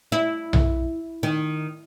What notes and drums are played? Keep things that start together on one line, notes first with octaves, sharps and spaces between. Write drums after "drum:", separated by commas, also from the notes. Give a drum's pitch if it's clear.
E4
drum: tom B1
D#3